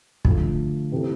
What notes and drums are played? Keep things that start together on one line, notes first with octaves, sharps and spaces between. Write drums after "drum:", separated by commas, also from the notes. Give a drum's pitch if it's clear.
D3 F3 A3, drum: kick
C3 E3 A3